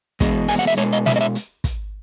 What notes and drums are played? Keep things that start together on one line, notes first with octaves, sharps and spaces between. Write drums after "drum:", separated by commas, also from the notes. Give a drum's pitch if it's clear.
E2 B2 G#3, drum: kick, hi-hat
G#5, drum: open hi-hat
F#5
E5
B2 G#3 C#5, drum: hi-hat
D#5
E5, drum: snare
D#5
E5
drum: hi-hat
drum: kick, hi-hat